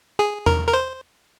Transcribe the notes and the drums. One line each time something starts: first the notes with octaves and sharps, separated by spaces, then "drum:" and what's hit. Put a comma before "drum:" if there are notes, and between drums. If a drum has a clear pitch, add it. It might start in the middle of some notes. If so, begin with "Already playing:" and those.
G#4
A#4, drum: tom E2
A#4
C5